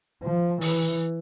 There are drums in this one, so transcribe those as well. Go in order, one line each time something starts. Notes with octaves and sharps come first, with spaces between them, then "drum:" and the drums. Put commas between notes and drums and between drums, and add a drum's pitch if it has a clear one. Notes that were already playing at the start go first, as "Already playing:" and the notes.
F3
E3, drum: open hi-hat